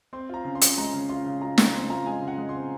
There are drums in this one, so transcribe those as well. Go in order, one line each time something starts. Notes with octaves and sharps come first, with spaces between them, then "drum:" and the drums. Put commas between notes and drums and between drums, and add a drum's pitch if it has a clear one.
C4 C6
F4 A#5
C#3
C6
C#3, drum: hi-hat
G#3 A#5
C#3
F4 C6
C#3
F4 A#5
C#3 A#5, drum: snare
C4 C6
F4 A#5
G#3 G#5
C#3
F#5
G#3
C6
C4